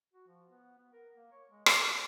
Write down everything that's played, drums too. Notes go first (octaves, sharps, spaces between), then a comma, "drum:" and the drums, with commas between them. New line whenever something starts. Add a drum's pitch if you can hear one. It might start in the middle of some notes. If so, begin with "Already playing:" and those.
F#4
F3
B3
B3
A#4
A#3
C#5
G#3
A#3, drum: rim click
C5